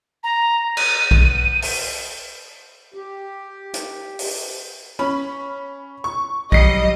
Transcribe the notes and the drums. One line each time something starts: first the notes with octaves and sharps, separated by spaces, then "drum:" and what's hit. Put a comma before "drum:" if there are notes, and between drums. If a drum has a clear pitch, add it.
A#5
D#7, drum: cymbal
drum: kick B1
drum: open hi-hat
G4
drum: hi-hat
drum: open hi-hat
C#4 B5
C#6
F#3 G3 D#5 A#6 C7 C#7, drum: kick B1